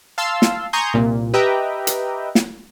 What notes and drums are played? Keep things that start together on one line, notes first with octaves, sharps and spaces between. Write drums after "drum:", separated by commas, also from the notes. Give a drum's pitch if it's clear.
F5 A5 C6 E6
drum: snare
G#5 A#5 C6 C#6 D#6 G6
C2 A#2
G4 B4 D#5 E5 G5 A#5
drum: hi-hat
drum: snare